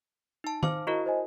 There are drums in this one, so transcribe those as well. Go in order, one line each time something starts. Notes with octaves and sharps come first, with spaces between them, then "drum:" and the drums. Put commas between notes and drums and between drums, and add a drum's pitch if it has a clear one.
D#4 A5
C5 F5 D6 F6, drum: tom
E4 F#4 A#4 D#5 A#5 C#6
C5 D#5 G#5